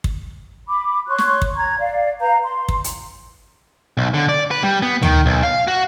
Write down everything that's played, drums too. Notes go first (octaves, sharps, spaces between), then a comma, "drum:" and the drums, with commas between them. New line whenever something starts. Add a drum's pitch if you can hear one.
drum: kick
B5 D6
C#5 C6 C#6 F#6
drum: snare
drum: kick
A#5 G#6
D5 F5
B4 F5 A#5 G6
C6
drum: kick
drum: hi-hat
B1
D3
D5
B4
G3
B3
D#3, drum: tom
B1
F5
F#4